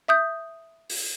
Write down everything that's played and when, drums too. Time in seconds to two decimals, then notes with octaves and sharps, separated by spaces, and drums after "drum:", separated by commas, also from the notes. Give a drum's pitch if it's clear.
0.08 E5 D#6 G6
0.90 drum: open hi-hat